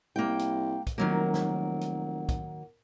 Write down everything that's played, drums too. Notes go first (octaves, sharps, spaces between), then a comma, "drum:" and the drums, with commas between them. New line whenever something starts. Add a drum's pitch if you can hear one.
C2 A#3 G5
drum: hi-hat
drum: kick, hi-hat
F1 D#3 F#3 A#3
drum: snare
drum: hi-hat
drum: kick, hi-hat